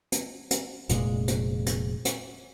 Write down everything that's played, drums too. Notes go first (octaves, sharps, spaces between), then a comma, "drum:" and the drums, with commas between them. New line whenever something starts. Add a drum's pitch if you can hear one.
drum: hi-hat
drum: hi-hat
F1 A#2 G#3, drum: hi-hat
drum: hi-hat
drum: hi-hat
drum: hi-hat